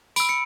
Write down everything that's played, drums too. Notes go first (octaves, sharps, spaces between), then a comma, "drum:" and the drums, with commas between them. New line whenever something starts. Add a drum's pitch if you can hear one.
B5 E6 D7, drum: tambourine
C#7